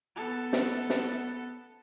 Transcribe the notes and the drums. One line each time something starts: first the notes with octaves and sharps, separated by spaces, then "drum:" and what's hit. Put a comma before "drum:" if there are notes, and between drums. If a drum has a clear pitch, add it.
B3 A4
drum: snare
drum: snare